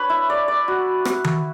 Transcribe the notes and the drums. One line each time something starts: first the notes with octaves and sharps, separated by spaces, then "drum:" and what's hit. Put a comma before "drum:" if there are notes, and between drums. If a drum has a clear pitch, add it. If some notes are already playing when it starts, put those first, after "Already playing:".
Already playing: D4 B4 C#5
E4
D5
D5
F#4
drum: rim click
drum: tom D#3